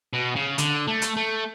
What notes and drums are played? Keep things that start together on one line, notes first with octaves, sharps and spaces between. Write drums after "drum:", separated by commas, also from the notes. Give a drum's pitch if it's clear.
B2
C#3
D3, drum: hi-hat
A3
drum: hi-hat
A3